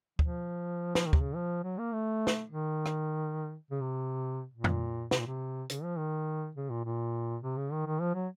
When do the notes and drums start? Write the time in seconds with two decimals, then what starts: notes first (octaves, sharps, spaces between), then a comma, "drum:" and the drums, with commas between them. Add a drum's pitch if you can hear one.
0.19 F3, drum: kick
0.95 F3, drum: snare
1.07 D#3
1.13 C3, drum: kick
1.20 C#3
1.35 F3
1.64 F#3
1.78 A#3
1.93 A3
2.27 drum: snare
2.51 D#3
2.86 drum: rim click
3.71 C#3
3.81 C3
4.54 A#2
4.64 drum: tom F2
5.11 C3, drum: snare
5.19 A#2
5.27 C3
5.70 C#3, drum: hi-hat
5.83 F3
5.98 D#3
6.56 C#3
6.70 A#2
6.85 A#2
7.43 C3
7.57 C#3
7.72 D#3
7.86 D#3
8.01 F3
8.15 F#3